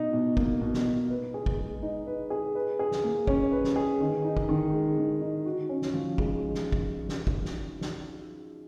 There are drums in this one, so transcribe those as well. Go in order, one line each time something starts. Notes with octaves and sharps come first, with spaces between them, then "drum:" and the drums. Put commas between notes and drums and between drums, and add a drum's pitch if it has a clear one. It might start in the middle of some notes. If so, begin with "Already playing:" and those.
Already playing: B2 D#4
B2
A#3, drum: kick
B2
drum: snare
D#4
B4
G#4
drum: kick
G#3
D#4
B4
G#4
B4
G#4
drum: snare
A#3
C#4, drum: kick
B4
drum: snare
G#4
D#3
D#4
drum: kick
D#3
G#3
D#3
D#4
F#4
C#4
drum: snare
F3
G#3, drum: kick
drum: snare
drum: kick
drum: snare
drum: kick
drum: snare
drum: snare